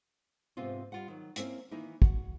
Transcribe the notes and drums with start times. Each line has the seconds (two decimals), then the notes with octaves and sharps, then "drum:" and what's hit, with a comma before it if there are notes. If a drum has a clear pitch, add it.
0.57 G#2 C3 B3 C4 F4
0.92 G3 F4 F#5
1.08 D#3 F#3
1.36 A#3 C4 C#4 E4, drum: hi-hat
1.71 D#3 E3 A#3 D#4 E4
2.02 F#4, drum: kick